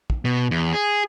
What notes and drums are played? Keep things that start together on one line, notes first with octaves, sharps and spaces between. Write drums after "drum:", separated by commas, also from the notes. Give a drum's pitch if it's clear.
drum: kick
B2
E2
G#4